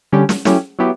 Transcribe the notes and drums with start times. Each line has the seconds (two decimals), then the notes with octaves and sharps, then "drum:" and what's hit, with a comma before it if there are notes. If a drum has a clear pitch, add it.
0.12 D3 G3 C#4 G4
0.29 drum: snare
0.45 F#3 A3 C#4 E4 G4, drum: snare
0.79 F#3 B3 E4 G4